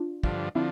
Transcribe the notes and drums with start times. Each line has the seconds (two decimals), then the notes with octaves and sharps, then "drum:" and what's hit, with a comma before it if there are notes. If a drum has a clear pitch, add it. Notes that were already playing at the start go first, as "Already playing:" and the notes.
Already playing: D4 F4
0.23 G2 D3 F3, drum: kick
0.55 D3 F3 C4 E4